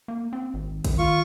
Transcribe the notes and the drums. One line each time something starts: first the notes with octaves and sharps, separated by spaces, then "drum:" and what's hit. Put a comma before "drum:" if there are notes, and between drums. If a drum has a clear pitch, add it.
A#3
C4
G#1
D#3, drum: kick, cymbal
F4 C#6